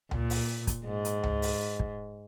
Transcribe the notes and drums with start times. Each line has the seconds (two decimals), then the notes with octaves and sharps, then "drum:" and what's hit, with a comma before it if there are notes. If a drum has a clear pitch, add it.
0.11 A#2, drum: tom C#2
0.30 drum: open hi-hat
0.67 drum: kick, hi-hat
0.86 G#2
1.05 drum: hi-hat
1.23 drum: tom C#2
1.42 drum: open hi-hat
1.80 drum: kick